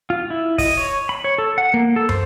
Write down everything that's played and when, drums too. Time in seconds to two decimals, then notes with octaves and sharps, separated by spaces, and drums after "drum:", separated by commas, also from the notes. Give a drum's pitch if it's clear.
0.10 F4
0.30 E4
0.58 D#5, drum: kick, open hi-hat
0.77 C#5
1.09 B5
1.24 C#5
1.38 A4
1.58 F#5
1.74 A#3
1.96 A4
2.09 C5, drum: tom